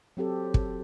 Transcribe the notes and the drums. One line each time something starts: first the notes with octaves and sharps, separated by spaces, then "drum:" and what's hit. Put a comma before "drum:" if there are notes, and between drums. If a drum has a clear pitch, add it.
F#3 C4 G4 A4
drum: kick